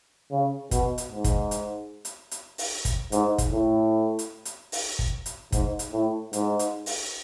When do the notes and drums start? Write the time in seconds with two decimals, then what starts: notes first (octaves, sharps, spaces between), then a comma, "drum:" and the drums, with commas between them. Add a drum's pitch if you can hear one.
0.31 C#3
0.71 B2, drum: kick, hi-hat
0.98 drum: hi-hat
1.11 G#2
1.24 drum: kick, hi-hat
1.51 drum: hi-hat
2.05 drum: hi-hat
2.31 drum: hi-hat
2.58 drum: open hi-hat
2.85 drum: kick, hi-hat
3.12 G#2, drum: hi-hat
3.38 drum: kick, hi-hat
3.52 A2
4.19 drum: hi-hat
4.45 drum: hi-hat
4.72 drum: open hi-hat
4.99 drum: kick
5.26 drum: hi-hat
5.52 G#2, drum: kick, hi-hat
5.79 drum: hi-hat
5.92 A2
6.33 G#2, drum: hi-hat
6.59 drum: hi-hat
6.86 drum: open hi-hat